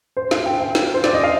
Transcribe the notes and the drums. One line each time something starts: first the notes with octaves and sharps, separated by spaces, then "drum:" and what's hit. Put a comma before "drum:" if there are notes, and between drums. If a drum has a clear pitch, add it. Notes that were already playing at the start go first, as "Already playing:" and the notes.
C5
F5, drum: snare
G5
F5
drum: snare
C5
D5, drum: snare
D#5
F5